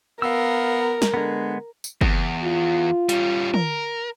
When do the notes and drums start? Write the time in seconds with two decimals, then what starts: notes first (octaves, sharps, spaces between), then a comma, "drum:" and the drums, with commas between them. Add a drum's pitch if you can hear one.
0.22 B3 A#4 F5 E6
1.02 drum: snare
1.14 D3 G#3 B3
1.84 drum: tambourine
2.01 E2, drum: kick
2.44 F4
3.09 G3 C#4, drum: hi-hat
3.54 A#4, drum: tom